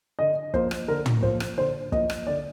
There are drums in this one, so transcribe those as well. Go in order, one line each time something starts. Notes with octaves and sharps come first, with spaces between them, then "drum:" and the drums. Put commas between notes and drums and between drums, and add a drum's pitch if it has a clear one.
D3 D#5
F3 A#3 C5, drum: kick
drum: rim click
D3 A#4
drum: tom
F3 A#3 C5, drum: kick
drum: rim click
D3 C5
F3 A#3 D#5, drum: kick
drum: rim click
D3 D5